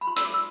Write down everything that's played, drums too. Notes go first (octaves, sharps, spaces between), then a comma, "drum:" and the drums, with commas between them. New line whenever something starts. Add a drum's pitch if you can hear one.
B5
F4 C6
E6, drum: hi-hat
F4 D6
E6